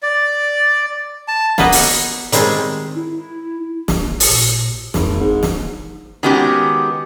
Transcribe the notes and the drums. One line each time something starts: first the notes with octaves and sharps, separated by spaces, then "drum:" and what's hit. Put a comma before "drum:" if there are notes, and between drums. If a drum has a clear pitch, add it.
D5
A5
A#3 B3 B4 D#5, drum: snare
drum: open hi-hat
D#3 G3 G#3 C4, drum: hi-hat
E4
A1, drum: snare
drum: open hi-hat
A#2
G#1 F2, drum: snare
G1 G#2
drum: snare
D#3 G#3 B3 C#4 F#4 G4